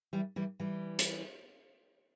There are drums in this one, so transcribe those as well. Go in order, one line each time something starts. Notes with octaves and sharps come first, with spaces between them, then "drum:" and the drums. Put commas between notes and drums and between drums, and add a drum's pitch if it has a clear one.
E3 G3
E3 G3
E3 G3
drum: hi-hat